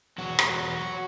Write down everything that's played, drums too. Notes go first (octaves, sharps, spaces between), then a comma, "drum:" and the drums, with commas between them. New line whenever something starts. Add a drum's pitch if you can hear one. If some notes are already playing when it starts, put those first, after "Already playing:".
E2 F#3 F#4
E2, drum: rim click
F#3
F#3